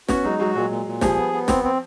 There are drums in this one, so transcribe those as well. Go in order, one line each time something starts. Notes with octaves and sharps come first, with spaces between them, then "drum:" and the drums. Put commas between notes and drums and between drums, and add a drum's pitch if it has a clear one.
B3 C#4 F#4, drum: snare
F#3 G#3 D#4
F#3 G#3 F#4
A#2 F#3 G#3
A#2
A#2
F3 G3 G#4, drum: snare
B3
B3
C4, drum: snare
C4